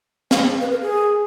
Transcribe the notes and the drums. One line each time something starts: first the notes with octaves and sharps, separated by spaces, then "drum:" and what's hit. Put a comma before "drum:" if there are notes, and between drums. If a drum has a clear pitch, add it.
F5, drum: snare
B4
A#4
G#4